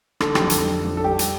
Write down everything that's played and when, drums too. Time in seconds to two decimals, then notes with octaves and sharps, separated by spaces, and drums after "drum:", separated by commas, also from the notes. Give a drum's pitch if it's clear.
0.20 D3 A4, drum: rim click
0.35 G4, drum: rim click
0.42 F2
0.50 A4, drum: hi-hat
0.62 F2
0.84 F3
0.97 A4
1.04 G3 G4
1.19 drum: hi-hat